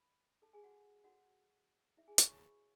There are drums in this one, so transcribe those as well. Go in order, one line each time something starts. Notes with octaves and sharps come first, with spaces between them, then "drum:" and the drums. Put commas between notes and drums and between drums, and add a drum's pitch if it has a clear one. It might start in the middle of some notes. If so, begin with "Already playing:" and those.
Already playing: B5
A4 A5
G#4 G#5
F#4 F#5
F#4 A4 C#5 F#5
E4 E5
G#4 G#5
B4 B5, drum: hi-hat
F#4 B4 C#5 C#6